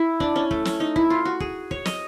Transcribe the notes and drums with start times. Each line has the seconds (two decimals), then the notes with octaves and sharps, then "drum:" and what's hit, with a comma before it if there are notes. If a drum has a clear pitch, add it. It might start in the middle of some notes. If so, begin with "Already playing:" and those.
Already playing: E4
0.20 D4, drum: kick
0.36 C#4
0.51 A3, drum: kick
0.65 C#4, drum: snare
0.80 D#4
0.96 E4, drum: kick
1.10 F4
1.25 F#4
1.40 G#4, drum: kick
1.71 C#5, drum: kick
1.85 D#5, drum: snare